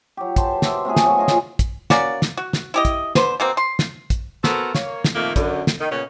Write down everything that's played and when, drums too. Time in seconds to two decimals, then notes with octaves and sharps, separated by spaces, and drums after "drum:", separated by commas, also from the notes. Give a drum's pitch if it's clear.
0.17 F#3 G4
0.36 B4 C5 A5, drum: kick, hi-hat
0.62 E5 D6, drum: snare
0.85 C3 A3 B3 G#4
0.96 drum: snare
1.06 F#3 A#3
1.18 F4 G#4 D#5 G#5
1.28 drum: snare
1.59 drum: kick, hi-hat
1.90 A#3 C#4 F#4 D5, drum: snare
2.22 drum: snare
2.37 F#4
2.53 drum: snare
2.74 E4 G4 D#5
2.85 drum: kick, hi-hat
3.15 D3 B4 C5, drum: snare
3.40 B2 A#3 C4
3.57 C6
3.79 drum: snare
4.10 drum: kick, hi-hat
4.44 B3 F#4 A4 A#4 C5, drum: snare
4.75 A#3 C#5, drum: snare
5.04 drum: snare
5.15 F2 A#2 D#3 A3 A#3
5.36 F#2 D3, drum: kick, hi-hat
5.67 drum: snare
5.79 D#3 D#4
5.92 A#2 C#3 B3 C#4